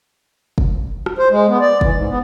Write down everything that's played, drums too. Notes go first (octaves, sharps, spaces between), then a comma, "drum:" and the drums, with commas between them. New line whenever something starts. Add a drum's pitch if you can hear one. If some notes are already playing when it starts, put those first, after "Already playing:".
drum: kick
drum: rim click
C5
G#3
B3
D5
E3, drum: kick
G#2
B3